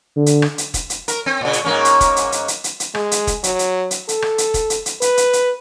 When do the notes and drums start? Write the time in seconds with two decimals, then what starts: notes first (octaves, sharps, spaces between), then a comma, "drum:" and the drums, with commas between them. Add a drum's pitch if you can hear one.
0.17 D3
0.26 drum: hi-hat
0.42 drum: rim click
0.58 drum: hi-hat
0.74 drum: kick E1, hi-hat
0.90 drum: hi-hat
1.08 A#4, drum: hi-hat
1.26 C4
1.41 A#2 C#3
1.53 drum: hi-hat
1.64 G#2 A#3 C#4
1.85 drum: hi-hat
2.01 drum: kick E1, hi-hat
2.16 drum: hi-hat
2.32 drum: hi-hat
2.48 drum: hi-hat
2.64 drum: hi-hat
2.80 drum: hi-hat
2.95 G#3, drum: rim click
3.11 drum: hi-hat
3.27 drum: kick E1, hi-hat
3.44 F#3, drum: hi-hat
3.59 drum: hi-hat
3.91 drum: hi-hat
4.09 A4, drum: hi-hat
4.22 drum: rim click
4.38 drum: hi-hat
4.54 drum: kick E1, hi-hat
4.70 drum: hi-hat
4.86 drum: hi-hat
5.02 B4, drum: hi-hat
5.17 drum: hi-hat
5.33 drum: hi-hat